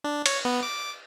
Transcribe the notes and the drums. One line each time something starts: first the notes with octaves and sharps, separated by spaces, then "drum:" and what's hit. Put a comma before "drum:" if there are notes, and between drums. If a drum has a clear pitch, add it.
D4
C#5, drum: cymbal
B3
D6